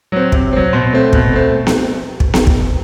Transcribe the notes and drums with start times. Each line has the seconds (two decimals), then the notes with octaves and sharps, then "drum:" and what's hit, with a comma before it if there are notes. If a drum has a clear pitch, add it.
0.12 F#3 C4
0.32 C3, drum: kick
0.53 F#3 C4
0.73 B2 C5
0.93 A3 C4
1.13 B2, drum: kick
1.33 A3 C4
1.67 drum: snare B3
2.20 drum: kick
2.34 drum: snare B3
2.47 drum: kick